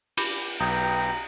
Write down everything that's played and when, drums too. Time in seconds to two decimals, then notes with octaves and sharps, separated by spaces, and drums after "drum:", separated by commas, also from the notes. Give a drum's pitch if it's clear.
0.17 B5 D6 G6, drum: cymbal
0.60 B1 B4 G5 A#5 D#6 G6 G#6